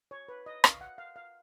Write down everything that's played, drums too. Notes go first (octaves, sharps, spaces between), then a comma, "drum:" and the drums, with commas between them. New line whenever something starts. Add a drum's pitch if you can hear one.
C#5
B4
D#5
F5, drum: rim click
F#5
F5
F5